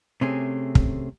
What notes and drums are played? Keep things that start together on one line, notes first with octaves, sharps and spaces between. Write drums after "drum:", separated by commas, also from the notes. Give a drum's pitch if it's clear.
C3 A3 C4 C#4 G#4
drum: kick